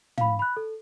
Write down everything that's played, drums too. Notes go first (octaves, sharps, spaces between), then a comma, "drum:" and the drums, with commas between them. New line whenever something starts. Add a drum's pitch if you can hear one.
F5 B5, drum: tom
B5 F#6
A4